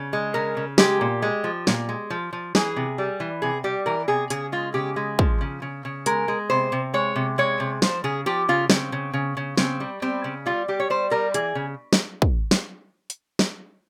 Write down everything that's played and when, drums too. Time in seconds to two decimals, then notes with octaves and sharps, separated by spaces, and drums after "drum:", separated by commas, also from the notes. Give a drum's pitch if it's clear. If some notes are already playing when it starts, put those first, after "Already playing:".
Already playing: C#3
0.13 G#3
0.34 C#3 A#4
0.57 C#3
0.78 G#3 G4, drum: snare
1.01 A#2
1.22 G#3
1.44 F3
1.67 A#2, drum: snare
1.89 G#3
2.10 F3
2.33 F3
2.55 E3 G#4, drum: snare
2.76 C3
2.98 G3
3.20 E3
3.42 C3 G#4
3.64 G3 G4
3.86 E3 A#4
4.08 C3 G#4
4.30 C#3 G#4, drum: hi-hat
4.52 G#3 F4
4.74 C#3 G4
4.96 G#3
5.19 F3, drum: kick
5.41 C#3
5.62 C#3
5.85 C#3
6.06 G#3 A#4, drum: hi-hat
6.28 G#3
6.50 C3 C5
6.72 C3
6.94 G#3 C#5
7.16 C3
7.38 G#3 C#5
7.60 C3
7.82 F3 C5, drum: snare
8.04 C#3 G#4
8.26 F3 G4
8.49 C#3 F4
8.70 C#3 C4, drum: snare
8.92 C#3
9.13 C#3
9.37 C#3
9.57 C#3 C4, drum: snare
9.80 G3
10.02 G3 C4
10.24 C#3
10.46 G3 F4
10.68 G3 G4
10.80 C#5
10.90 G3 C5
11.11 G3 A#4
11.34 E3 G#4, drum: hi-hat
11.55 C#3
11.93 drum: snare
12.22 drum: kick
12.51 drum: snare
13.10 drum: hi-hat
13.39 drum: snare